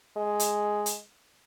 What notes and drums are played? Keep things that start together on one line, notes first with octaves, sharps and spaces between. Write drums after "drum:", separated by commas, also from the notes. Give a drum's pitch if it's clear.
G#3
drum: hi-hat
drum: hi-hat